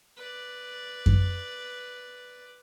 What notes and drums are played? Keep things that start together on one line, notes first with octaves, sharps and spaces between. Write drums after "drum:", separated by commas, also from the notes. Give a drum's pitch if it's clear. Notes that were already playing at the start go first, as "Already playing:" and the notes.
B4 D5
drum: kick F#2